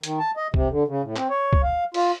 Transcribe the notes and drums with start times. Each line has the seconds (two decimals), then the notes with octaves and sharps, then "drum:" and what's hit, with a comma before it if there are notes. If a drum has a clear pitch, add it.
0.04 D#3, drum: hi-hat
0.19 A5
0.37 D#5
0.54 C3, drum: kick
0.71 D3
0.88 C#3
1.03 A2
1.16 C4, drum: clap
1.30 C#5
1.53 drum: kick
1.63 F5
1.94 F4, drum: cymbal